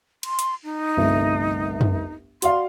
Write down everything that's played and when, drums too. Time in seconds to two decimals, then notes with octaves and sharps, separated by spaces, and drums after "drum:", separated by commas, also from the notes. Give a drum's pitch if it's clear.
0.23 C6, drum: cymbal
0.39 drum: hi-hat
0.64 D#4
0.97 G1 C2 A3
1.81 drum: tom
2.42 F#4 D5 F5 C6, drum: hi-hat